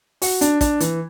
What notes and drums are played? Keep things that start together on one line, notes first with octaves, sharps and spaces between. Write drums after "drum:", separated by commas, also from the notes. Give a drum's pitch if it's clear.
F#4, drum: open hi-hat
D4, drum: hi-hat
D4, drum: kick, hi-hat
E3, drum: hi-hat